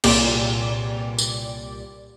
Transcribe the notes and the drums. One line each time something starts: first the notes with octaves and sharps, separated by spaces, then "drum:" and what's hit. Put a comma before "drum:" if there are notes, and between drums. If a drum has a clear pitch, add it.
C2 A#2 G4 D5, drum: cymbal
drum: tambourine